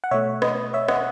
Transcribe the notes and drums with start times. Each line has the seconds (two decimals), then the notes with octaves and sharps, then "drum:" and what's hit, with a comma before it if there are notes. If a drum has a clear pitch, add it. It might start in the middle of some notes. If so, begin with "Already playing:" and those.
0.04 F#5
0.11 B2 A3 C#5 E5
0.42 B4 D#5, drum: rim click
0.73 C#5 E5
0.88 D#5 F#5, drum: rim click